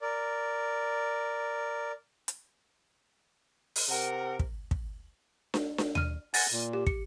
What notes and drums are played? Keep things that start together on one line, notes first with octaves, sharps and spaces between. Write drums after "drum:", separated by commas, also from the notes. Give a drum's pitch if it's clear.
A#4 D5
drum: hi-hat
drum: open hi-hat
C3 A#4 F#5
drum: kick
drum: kick
drum: snare D4
drum: snare D4
F6 D#7, drum: tom D#2
F#5 G#5 A6 A#6, drum: open hi-hat
A#2
G4
C#7, drum: kick